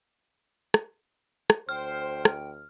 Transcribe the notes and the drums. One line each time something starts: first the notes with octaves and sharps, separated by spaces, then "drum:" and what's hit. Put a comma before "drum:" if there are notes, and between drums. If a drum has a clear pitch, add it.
drum: rim click
drum: rim click
D2 C5 G5 F6
drum: rim click